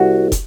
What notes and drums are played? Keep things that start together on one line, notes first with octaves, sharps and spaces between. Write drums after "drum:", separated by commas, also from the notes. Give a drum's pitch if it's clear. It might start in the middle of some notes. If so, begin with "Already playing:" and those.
Already playing: C2 F#4
drum: kick, hi-hat